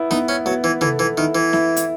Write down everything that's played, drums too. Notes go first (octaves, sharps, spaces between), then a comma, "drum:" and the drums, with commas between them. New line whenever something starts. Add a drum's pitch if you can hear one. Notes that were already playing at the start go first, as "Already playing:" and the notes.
Already playing: B3 E4
B3 D#4, drum: snare
C#4
F#3 B3
E3
E3 A4, drum: tom C3
E3
D#3 E4
E3
E4, drum: snare
drum: hi-hat